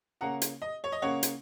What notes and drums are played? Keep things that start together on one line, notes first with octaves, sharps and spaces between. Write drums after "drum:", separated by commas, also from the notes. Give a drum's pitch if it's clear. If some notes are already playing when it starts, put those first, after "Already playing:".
C#3 A#3 C#4 F#5 A#5
drum: hi-hat
D#5
C#5
D#5
C#3 A#3 C#4 C#5 F#5
drum: hi-hat